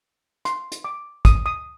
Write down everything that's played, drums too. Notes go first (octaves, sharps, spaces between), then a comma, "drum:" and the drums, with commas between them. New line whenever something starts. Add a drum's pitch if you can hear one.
C6, drum: hi-hat
drum: hi-hat
D6
D#6, drum: kick, hi-hat
D#6